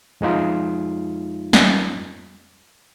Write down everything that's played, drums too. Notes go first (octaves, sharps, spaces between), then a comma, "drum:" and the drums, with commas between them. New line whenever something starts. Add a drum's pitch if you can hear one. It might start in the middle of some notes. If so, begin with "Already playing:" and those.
F2 G#3 D#4 F4
drum: snare